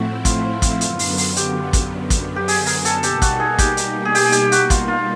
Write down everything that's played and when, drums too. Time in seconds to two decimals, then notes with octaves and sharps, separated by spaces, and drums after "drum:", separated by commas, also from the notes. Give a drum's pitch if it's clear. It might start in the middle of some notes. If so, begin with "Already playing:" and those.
Already playing: A2 F3 A3 C4 E4 F#4
0.25 F4, drum: kick, hi-hat
0.62 drum: kick, hi-hat
0.81 F#2 D3 F#3 B3, drum: hi-hat
0.99 drum: open hi-hat
1.18 drum: open hi-hat
1.36 G4, drum: hi-hat
1.73 drum: kick, hi-hat
2.10 drum: kick, hi-hat
2.36 G4
2.48 G#4, drum: open hi-hat
2.66 A#4, drum: open hi-hat
2.85 A4, drum: hi-hat
3.03 B2 G3 A#3 D#4 G4, drum: hi-hat
3.22 F#4, drum: kick, hi-hat
3.40 G#4
3.58 G4, drum: kick, hi-hat
3.77 drum: hi-hat
4.05 G#4
4.15 G4, drum: open hi-hat
4.25 G#4
4.32 G4, drum: hi-hat
4.52 F#4, drum: hi-hat
4.70 F4, drum: kick, hi-hat
4.88 F4